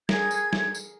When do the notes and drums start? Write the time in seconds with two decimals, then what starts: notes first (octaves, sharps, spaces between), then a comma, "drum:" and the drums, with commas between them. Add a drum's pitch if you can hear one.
0.09 G#4 A#4 G#6, drum: snare
0.31 drum: tambourine
0.53 drum: snare
0.75 drum: tambourine